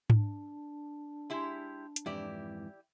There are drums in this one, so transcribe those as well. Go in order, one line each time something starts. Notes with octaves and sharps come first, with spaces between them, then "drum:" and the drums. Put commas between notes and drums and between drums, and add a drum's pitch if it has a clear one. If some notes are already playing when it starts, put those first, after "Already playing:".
D4, drum: tom G#2
G#3 E4 G4
drum: hi-hat
F2 G#2 E3 E4 G4 D5